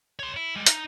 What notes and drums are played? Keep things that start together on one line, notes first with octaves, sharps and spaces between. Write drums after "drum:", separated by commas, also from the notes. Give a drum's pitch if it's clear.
C#5 C6
E4
G3 G#3
D#4, drum: hi-hat